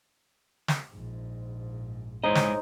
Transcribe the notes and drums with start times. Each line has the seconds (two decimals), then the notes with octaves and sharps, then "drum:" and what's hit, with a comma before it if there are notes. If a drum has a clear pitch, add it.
0.68 drum: snare
0.89 A#1 G#2
2.24 G#3 D#4 E4 G#4 C5 C#5 D#5
2.35 drum: snare